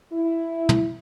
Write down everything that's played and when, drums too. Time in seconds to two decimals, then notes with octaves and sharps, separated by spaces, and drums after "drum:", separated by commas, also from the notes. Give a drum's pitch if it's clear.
0.13 E4
0.69 drum: tom